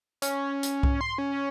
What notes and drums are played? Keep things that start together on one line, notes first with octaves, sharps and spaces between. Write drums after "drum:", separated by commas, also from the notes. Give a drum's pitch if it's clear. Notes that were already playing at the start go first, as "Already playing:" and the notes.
C#4, drum: hi-hat
drum: hi-hat
drum: kick C2
C6
C#4